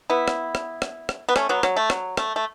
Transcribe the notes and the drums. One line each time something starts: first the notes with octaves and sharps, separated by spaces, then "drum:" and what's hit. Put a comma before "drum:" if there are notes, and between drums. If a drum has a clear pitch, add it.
B3 E4
drum: rim click
drum: rim click
drum: rim click
drum: rim click
B3
A3 C#4, drum: rim click
F#3 B3
F#3, drum: rim click
A3
F#3, drum: rim click
A3, drum: rim click
A3